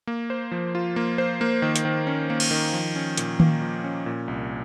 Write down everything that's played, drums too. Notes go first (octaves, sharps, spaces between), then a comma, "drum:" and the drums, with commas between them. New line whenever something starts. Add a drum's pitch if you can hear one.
A#3
C5
F3
F4
A#3
C5
A#3
D#3
drum: hi-hat
D#3
C#4
A#3
drum: cymbal
D#3
F3
C#4
A#2, drum: hi-hat
A#3, drum: tom D#3
F3
C#4
A#2
C2